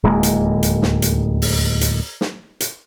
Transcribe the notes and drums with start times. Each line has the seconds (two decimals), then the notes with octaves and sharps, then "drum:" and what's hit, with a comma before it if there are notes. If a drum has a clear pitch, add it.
0.03 D1 D#2 G#3 A#3
0.23 drum: hi-hat
0.63 drum: hi-hat
0.82 drum: snare
1.02 drum: hi-hat
1.42 drum: open hi-hat
1.81 drum: hi-hat
2.21 drum: snare
2.60 drum: hi-hat